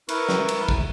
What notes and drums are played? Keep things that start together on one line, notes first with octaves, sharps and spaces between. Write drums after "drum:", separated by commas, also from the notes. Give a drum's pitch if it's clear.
E4 A#4 B4 C#6, drum: cymbal
drum: snare
drum: cymbal
drum: kick